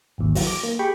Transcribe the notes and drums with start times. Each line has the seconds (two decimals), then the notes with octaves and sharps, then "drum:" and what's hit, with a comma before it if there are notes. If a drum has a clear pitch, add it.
0.18 G#1 D#2
0.35 E3 F#3, drum: open hi-hat
0.47 D6
0.63 A#3
0.79 G4 G#4 G5 B5 C#6